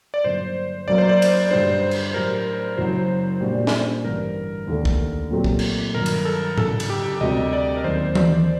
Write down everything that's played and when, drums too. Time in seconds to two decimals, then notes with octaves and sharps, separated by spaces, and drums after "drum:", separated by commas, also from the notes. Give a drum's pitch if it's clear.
0.14 D5
0.24 G2 D3 F#3 A#3 C5
0.88 F#2 F#3 A#3 D5
0.98 C5
1.09 D5
1.22 drum: cymbal
1.51 G2 D3 G3 D4 C5
1.91 drum: cymbal
2.14 A2 F#3 A3 D4 G4 A#4
2.77 F#1 F#2 F#3 C5
3.41 A#2 G3 D4 F#4
3.67 drum: snare
4.04 A1 G2 D3 G3 A#4
4.67 D#2 D3 A3
4.85 drum: kick B1
5.31 A#2 F#3 A3 C4 G4
5.44 drum: kick B1
5.59 drum: cymbal
5.94 G2 D#3 F#3 A#4
6.06 drum: cymbal
6.25 A4
6.58 F#1 F#2 D3 A4, drum: tom G#2
6.80 drum: cymbal
6.90 G4
7.20 D2 C3 G3 C4 D#5
7.53 D5
7.77 A#4
7.84 D#2 D#3 F#3 C4 C5
8.15 D5, drum: tom E3